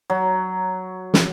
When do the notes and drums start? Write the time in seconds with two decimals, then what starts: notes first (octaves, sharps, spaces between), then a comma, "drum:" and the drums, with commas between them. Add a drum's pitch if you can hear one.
0.10 F#3
1.14 drum: snare